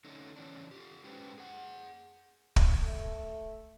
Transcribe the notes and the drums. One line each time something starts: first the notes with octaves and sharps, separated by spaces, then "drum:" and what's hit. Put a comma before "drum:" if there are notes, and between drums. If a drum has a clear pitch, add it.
D3 A3 C#4 D#4
C#3 E3 C#4 D4
F4 G4
G#3 C#4 F#4 G4 B4 C5
G#4 F#5
drum: kick
A3